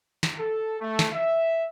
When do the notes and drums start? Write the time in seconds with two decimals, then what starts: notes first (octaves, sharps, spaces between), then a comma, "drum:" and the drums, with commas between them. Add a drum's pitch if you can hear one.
0.23 drum: snare
0.38 A4
0.80 A3
0.99 drum: snare
1.13 E5